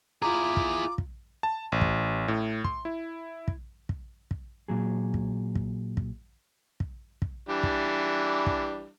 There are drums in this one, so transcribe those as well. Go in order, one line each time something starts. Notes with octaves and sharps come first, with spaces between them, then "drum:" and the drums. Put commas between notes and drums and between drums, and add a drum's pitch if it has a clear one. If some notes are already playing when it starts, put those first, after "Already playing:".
E4 F4 G#4 A#5 D6
drum: kick
drum: kick
A5
A1
drum: kick
A2
C6, drum: kick
E4
drum: kick
drum: kick
drum: kick
A#2 F#3 G#4
drum: kick
drum: kick
drum: kick
drum: kick
drum: kick
E3 G3 D4
drum: kick
drum: kick